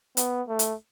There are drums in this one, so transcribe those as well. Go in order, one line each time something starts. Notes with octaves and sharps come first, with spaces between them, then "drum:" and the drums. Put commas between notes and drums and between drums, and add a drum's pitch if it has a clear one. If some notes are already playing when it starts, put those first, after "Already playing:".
B3, drum: hi-hat
A3
drum: hi-hat